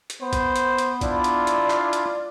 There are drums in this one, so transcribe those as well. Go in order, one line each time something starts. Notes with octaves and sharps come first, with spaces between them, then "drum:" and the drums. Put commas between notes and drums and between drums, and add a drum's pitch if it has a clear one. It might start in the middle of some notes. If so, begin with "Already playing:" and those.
drum: hi-hat
B3 C5
drum: kick, hi-hat
drum: hi-hat
drum: hi-hat
D4 E4 F4 D5, drum: kick, hi-hat
drum: hi-hat
drum: hi-hat
drum: clap
drum: hi-hat